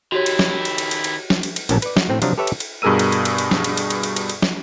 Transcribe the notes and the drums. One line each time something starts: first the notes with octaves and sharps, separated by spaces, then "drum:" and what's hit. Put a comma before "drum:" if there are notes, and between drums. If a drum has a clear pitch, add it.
D#3 E4 F#4 G4 C#5
drum: cymbal
drum: snare
drum: cymbal
drum: cymbal
drum: cymbal
drum: cymbal
drum: snare
drum: cymbal
drum: cymbal
A#1 A2 F#3 C#4 A#4 A5, drum: cymbal
B4 D5, drum: cymbal
F#4, drum: snare
A2 C4
C3 F3 F#3 D4 D#5 A#5, drum: cymbal
G4 A4 B4 C#5 E5
drum: cymbal
drum: cymbal
G2 B2 G#4 A#4 E6 D#7
drum: cymbal
drum: cymbal
drum: cymbal
drum: cymbal
drum: snare
drum: cymbal
drum: cymbal
drum: cymbal
drum: cymbal
drum: cymbal
drum: cymbal
drum: snare